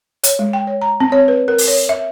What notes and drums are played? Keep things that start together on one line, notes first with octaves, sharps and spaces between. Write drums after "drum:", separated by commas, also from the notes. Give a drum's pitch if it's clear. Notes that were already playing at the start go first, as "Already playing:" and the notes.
C#5, drum: hi-hat
G#3
G5
C#5
A#5
C4
C#5
B4
A#4
drum: open hi-hat
C#5
E5